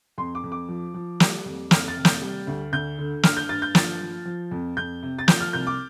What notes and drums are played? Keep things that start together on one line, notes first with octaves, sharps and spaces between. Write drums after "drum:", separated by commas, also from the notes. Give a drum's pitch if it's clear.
F2 C6
D6
F2
D6
F3
F3
G3, drum: snare
F2
F2 F6, drum: snare
A6
C3
G6, drum: snare
G3
D2
D2 G6
D3
G2 F6, drum: snare
G6
G2 A6
G6
F3 A6, drum: snare
F3
F3
F2
F2 G6
C3
A6
F3 G6, drum: snare
F6
C2 G6
D6